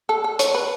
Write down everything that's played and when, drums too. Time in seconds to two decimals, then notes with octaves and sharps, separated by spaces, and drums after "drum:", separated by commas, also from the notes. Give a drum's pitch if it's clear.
0.09 A4
0.24 A4
0.39 C#5, drum: hi-hat
0.54 B4